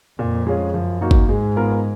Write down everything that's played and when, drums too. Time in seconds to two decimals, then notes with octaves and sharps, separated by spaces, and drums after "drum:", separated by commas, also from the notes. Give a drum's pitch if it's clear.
0.19 F2 A#2
0.47 G#3 C#4 F4 G#4
0.74 F#2 F3
1.01 A#3 D#4 F#4
1.11 drum: kick G1
1.29 G#2 G#3
1.56 B3 F4 A#4